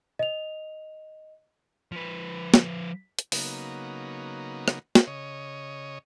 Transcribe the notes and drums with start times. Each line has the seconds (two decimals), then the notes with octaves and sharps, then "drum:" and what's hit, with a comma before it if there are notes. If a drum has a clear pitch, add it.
0.19 D#5 F7
1.92 F3 B4
2.54 drum: snare
3.19 drum: hi-hat
3.32 C#3 F#3 A#3 B3 D#4, drum: open hi-hat
4.68 drum: rim click
4.95 drum: snare
5.07 C#3 C#5 D#5